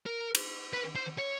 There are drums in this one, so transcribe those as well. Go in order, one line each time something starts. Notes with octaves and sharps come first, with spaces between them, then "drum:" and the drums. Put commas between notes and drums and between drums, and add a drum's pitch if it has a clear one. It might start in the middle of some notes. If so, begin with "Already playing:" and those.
A#4
drum: cymbal
B4
C5
C#5